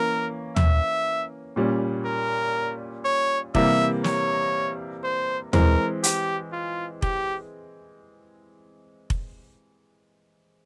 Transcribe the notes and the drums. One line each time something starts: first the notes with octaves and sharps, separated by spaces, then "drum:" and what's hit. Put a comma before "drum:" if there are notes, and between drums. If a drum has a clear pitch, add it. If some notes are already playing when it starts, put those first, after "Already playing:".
Already playing: E3 A#3 C#4 A#4
E5, drum: tom
A#2 G3 C#4
A#4
C#5
C3 E3 G3 A#3 E5, drum: kick F1
C#5, drum: snare
C5
E3 G#3 C4 A#4, drum: tom
G4, drum: hi-hat
F4
G4, drum: kick F1
drum: kick F1